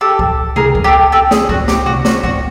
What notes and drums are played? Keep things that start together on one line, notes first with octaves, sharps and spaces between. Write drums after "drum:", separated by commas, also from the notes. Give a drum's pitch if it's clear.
G4 A4
drum: kick C2
G#4 A#4, drum: tom C3
drum: kick C2
G4 A4
G4 A4
G#4, drum: snare
F#4, drum: kick C2
G4, drum: snare
F#4, drum: tom C3
F#4, drum: snare
F#4, drum: kick C2